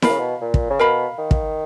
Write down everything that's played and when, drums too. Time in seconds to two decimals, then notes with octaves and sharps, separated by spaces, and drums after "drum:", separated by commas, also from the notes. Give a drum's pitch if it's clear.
0.02 B2 A#4 F5 B5, drum: snare E4
0.11 C#3
0.20 B2
0.41 A#2
0.54 drum: kick
0.70 C#3
0.79 B2 A#4 F5 B5
1.18 D#3
1.31 drum: kick